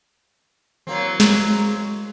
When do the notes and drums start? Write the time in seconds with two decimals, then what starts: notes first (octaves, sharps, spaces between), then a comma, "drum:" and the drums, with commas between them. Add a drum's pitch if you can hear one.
0.87 E3 F#3 A#3 C4
1.20 G#3 G#4, drum: snare